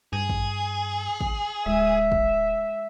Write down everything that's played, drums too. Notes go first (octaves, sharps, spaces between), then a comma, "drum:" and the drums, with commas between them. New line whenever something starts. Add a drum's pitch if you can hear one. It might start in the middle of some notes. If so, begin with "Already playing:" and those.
G2 G#4
drum: kick
drum: kick
D1 G#3 E5
drum: kick